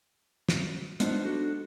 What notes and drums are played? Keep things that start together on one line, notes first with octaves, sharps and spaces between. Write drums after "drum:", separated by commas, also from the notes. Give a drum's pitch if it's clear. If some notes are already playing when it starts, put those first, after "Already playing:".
drum: snare
G#3 B3 D4 D#4 F4 C5, drum: hi-hat
D4 F#4 A4